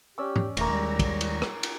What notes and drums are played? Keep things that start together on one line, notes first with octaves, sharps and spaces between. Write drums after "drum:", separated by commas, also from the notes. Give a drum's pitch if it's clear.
C#4 G4 D5 E6
drum: tom G#2
D#1 D#2 A3 A#3 C#5 A#5, drum: cymbal
G3 G#3
drum: kick, cymbal
drum: cymbal
drum: rim click
drum: cymbal